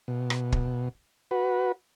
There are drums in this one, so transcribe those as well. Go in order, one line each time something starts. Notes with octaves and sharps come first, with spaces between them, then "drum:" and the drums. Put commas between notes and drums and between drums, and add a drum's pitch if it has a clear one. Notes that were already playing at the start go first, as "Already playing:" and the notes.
B2
drum: rim click
drum: kick
F#4 B4